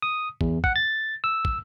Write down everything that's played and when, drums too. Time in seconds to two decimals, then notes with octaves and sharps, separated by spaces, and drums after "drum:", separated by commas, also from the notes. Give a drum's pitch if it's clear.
0.02 D#6
0.41 E2, drum: kick
0.64 F#5, drum: kick
0.76 A6
1.24 E6
1.45 drum: kick